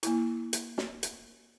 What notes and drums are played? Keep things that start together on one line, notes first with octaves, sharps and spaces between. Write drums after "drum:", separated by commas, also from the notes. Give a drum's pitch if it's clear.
A#3 E4, drum: hi-hat
drum: hi-hat
drum: snare
drum: hi-hat